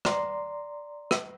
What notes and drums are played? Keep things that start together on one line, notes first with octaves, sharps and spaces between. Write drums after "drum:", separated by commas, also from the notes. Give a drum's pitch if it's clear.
D5 A#5 C6, drum: rim click
drum: rim click